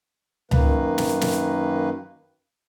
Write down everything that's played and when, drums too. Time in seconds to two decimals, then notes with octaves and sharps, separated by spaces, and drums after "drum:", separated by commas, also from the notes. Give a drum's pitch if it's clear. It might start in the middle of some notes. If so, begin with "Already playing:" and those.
0.51 F#2 D#3 A#3 B4, drum: tom C#2
0.98 drum: snare
1.21 drum: snare